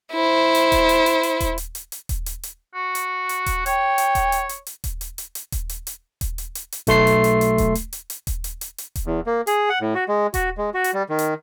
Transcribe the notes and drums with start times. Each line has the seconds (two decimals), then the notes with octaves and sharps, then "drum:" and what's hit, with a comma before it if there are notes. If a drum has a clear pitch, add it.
0.13 E4 C5
0.55 drum: hi-hat
0.72 drum: kick D#1, hi-hat
0.89 drum: hi-hat
1.06 drum: hi-hat
1.23 drum: hi-hat
1.40 drum: kick D#1, hi-hat
1.58 drum: hi-hat
1.75 drum: hi-hat
1.92 drum: hi-hat
2.09 drum: kick D#1, hi-hat
2.26 drum: hi-hat
2.43 drum: hi-hat
2.74 F#4
2.95 drum: hi-hat
3.29 drum: hi-hat
3.46 drum: kick D#1, hi-hat
3.66 C#5 G5, drum: hi-hat
3.98 drum: hi-hat
4.15 drum: kick D#1, hi-hat
4.32 drum: hi-hat
4.49 drum: hi-hat
4.67 drum: hi-hat
4.84 drum: kick D#1, hi-hat
5.01 drum: hi-hat
5.18 drum: hi-hat
5.35 drum: hi-hat
5.52 drum: kick D#1, hi-hat
5.69 drum: hi-hat
5.87 drum: hi-hat
6.21 drum: kick D#1, hi-hat
6.38 drum: hi-hat
6.55 drum: hi-hat
6.72 drum: hi-hat
6.87 B1 A3 C6 C7, drum: kick D#1, hi-hat
7.07 drum: hi-hat
7.24 drum: hi-hat
7.41 drum: hi-hat
7.58 drum: kick D#1, hi-hat
7.75 drum: hi-hat
7.93 drum: hi-hat
8.10 drum: hi-hat
8.27 drum: kick D#1, hi-hat
8.44 drum: hi-hat
8.61 drum: hi-hat
8.78 drum: hi-hat
8.96 drum: kick D#1, hi-hat
9.06 E2
9.27 A#3
9.47 G#4, drum: hi-hat
9.69 F#5
9.81 A2
9.95 F#4
10.08 G#3
10.34 F#4, drum: kick D#1, hi-hat
10.58 G#3
10.74 F#4
10.84 drum: hi-hat
10.94 G3
11.09 D#3
11.19 drum: hi-hat